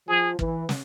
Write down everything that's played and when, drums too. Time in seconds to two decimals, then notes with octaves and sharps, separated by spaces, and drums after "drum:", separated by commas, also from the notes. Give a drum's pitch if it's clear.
0.08 F3 G#4
0.39 E3, drum: kick
0.69 drum: snare